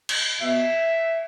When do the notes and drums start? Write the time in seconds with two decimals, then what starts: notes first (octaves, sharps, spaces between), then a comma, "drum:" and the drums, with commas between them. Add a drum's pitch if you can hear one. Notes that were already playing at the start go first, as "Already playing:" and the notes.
0.09 drum: cymbal
0.41 B2 E5